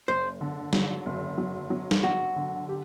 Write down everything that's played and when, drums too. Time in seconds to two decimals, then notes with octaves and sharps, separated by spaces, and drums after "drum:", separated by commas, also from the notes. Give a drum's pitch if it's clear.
0.08 F#1 C5
0.41 D3
0.73 F#3, drum: snare
1.06 F#1
1.38 F#3
1.70 F#3
1.91 drum: snare
2.04 F#3 F#4
2.36 D3
2.69 G4